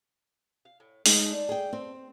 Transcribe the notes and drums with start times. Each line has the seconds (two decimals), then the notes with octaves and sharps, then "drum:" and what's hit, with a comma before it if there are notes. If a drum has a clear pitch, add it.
0.65 F5
0.80 A2
1.06 F#3 G#3 D#4 G#4, drum: open hi-hat
1.25 A4 D5
1.49 G#4 G5
1.73 C4